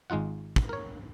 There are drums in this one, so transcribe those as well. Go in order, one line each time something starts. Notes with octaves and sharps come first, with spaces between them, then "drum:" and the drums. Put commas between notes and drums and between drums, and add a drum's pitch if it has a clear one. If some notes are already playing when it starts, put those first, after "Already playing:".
G#1 G#3 D#4 F4 F#5
drum: kick
A#4 C#5